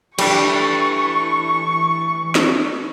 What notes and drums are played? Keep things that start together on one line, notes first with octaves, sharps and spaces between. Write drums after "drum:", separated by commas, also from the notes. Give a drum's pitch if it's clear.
E3 G3 A3 D4 C#6, drum: cymbal
drum: snare